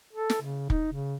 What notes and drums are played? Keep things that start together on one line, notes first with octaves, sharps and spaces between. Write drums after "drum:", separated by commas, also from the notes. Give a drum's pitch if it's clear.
A4
drum: snare
C#3
D#4, drum: kick
C#3